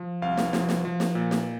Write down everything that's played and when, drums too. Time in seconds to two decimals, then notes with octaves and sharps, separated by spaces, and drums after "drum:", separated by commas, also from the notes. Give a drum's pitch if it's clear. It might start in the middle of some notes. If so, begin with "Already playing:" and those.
Already playing: F3
0.22 C2 F5
0.37 drum: snare
0.53 F3, drum: snare
0.69 drum: snare
0.85 F3
1.00 drum: snare
1.15 A#2
1.31 drum: snare